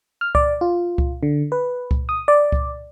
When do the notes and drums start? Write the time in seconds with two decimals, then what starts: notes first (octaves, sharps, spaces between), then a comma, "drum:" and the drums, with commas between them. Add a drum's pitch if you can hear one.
0.21 F6
0.35 D5, drum: kick C#2
0.61 F4
0.98 drum: kick C#2
1.23 D3
1.52 B4
1.91 drum: kick C#2
2.09 D#6
2.28 D5
2.52 drum: kick C#2